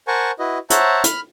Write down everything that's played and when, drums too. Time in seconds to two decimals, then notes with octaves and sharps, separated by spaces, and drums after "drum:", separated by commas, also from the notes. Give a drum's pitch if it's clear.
0.07 A#4 C5 F#5 G#5 A5 C#6
0.39 E4 F#4 B4 D#5
0.70 C5 C#5 E5 F#5 A5 A#5, drum: hi-hat
1.04 B5 F6, drum: hi-hat